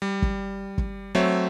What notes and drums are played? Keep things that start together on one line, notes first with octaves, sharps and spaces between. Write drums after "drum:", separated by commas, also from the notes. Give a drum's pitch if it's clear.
G3
drum: kick
drum: kick
F#3 A3 C4 C#5 E5